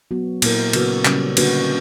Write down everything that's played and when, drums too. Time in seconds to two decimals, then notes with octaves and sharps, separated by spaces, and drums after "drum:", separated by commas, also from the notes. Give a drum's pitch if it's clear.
0.11 F#3 B3 F#4
0.42 A#2 A#3 E4 A#4, drum: cymbal
0.73 C#3 F#3 B3 F#4 B4, drum: cymbal
1.05 C#3 G3 C#4, drum: clap
1.37 D3 A#3 D4 F#4 B4, drum: cymbal